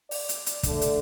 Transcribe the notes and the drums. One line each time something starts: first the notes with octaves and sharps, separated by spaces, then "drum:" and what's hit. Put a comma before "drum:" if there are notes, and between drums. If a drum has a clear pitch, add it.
D5, drum: open hi-hat
drum: hi-hat
drum: hi-hat
D3 A3 D4, drum: kick, hi-hat
drum: hi-hat